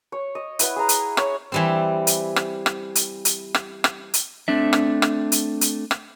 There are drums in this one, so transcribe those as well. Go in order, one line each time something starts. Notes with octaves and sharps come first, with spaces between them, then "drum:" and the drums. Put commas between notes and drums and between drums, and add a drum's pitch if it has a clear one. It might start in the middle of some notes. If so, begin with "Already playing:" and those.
C#5
D#5
E4 B4 F#5, drum: hi-hat
G#4 G#5 A#5
drum: hi-hat
C#5, drum: rim click
E3 G3 C4
drum: hi-hat
drum: rim click
drum: rim click
drum: hi-hat
drum: hi-hat
drum: rim click
drum: rim click
drum: hi-hat
A3 C4 D4 E5
drum: rim click
drum: rim click
drum: hi-hat
drum: hi-hat
drum: rim click